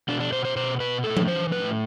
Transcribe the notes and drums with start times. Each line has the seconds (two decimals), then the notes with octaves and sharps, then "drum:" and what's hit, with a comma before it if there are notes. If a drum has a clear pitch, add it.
0.08 B2 D4
0.20 D4
0.32 B2 C5
0.45 C5
0.56 B2 C5
0.80 B2 B4
1.04 A2 A4
1.17 drum: tom F3
1.28 E3 C5
1.51 A2 B4